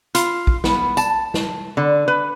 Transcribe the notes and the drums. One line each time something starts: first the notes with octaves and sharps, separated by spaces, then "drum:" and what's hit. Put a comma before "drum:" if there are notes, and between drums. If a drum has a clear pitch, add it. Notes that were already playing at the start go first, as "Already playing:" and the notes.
F4, drum: hi-hat
drum: kick
B3, drum: snare
A5, drum: tambourine
drum: snare
D3
B4